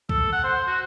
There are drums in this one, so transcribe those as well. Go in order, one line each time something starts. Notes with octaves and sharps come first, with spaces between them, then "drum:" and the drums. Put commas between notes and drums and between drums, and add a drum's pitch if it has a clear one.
A4, drum: kick C2
F#5
C5
F#4